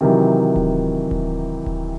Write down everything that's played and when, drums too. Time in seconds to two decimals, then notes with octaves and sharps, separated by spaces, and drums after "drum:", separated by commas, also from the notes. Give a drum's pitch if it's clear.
0.01 C3 D#3 E3 F#3
0.56 drum: kick D1
1.11 drum: kick D1
1.66 drum: kick D1